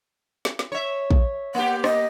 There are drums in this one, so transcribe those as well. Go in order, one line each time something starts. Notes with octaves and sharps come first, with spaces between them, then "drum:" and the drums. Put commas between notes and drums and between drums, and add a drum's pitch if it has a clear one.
drum: snare
drum: snare
C#5 E5
drum: kick
A#3 G4 F#5
D#5, drum: rim click